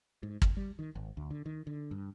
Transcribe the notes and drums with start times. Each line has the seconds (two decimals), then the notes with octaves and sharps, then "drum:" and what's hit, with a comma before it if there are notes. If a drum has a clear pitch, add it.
0.23 G#2
0.42 F1, drum: kick
0.57 G3
0.79 D#3
0.95 G#1
1.17 D2
1.31 D3
1.46 D#3
1.67 D3
1.91 G2